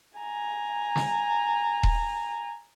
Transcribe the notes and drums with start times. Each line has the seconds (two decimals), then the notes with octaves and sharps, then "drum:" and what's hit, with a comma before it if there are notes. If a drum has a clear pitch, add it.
0.18 G#5 A#5
0.96 drum: snare
1.83 drum: kick D#1